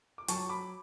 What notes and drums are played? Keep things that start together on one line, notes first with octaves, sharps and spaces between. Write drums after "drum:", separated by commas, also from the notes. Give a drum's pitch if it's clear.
D6
F#3 A5 C#6, drum: hi-hat
B5 D6